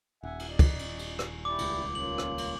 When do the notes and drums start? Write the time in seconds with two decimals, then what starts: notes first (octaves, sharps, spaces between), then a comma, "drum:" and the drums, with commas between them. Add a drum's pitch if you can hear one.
0.23 D#1 E5 F#5 G#5
0.39 drum: cymbal
0.50 D5 D#5
0.59 drum: kick, cymbal
0.79 drum: cymbal
0.99 drum: cymbal
1.19 drum: rim click
1.45 E4 G4 D5 D6
1.59 D#1 C#2, drum: cymbal
1.95 A#3 C#4 F4 F#7
2.18 drum: rim click
2.38 drum: cymbal